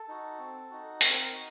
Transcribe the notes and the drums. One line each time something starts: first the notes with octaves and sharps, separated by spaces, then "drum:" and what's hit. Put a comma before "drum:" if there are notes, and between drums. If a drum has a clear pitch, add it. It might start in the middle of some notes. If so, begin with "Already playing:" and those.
Already playing: A4
D#4 F#4
C4
D#4 F#4
C4 A#4, drum: hi-hat
A#4
D#4 F#4